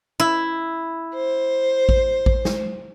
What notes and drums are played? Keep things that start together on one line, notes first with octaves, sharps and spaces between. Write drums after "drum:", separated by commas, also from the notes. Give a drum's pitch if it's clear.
E4
C5
drum: kick A1
drum: kick A1
drum: snare